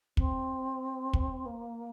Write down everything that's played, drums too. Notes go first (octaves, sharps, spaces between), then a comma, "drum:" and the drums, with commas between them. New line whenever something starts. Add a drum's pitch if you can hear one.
C4, drum: kick
drum: kick
A#3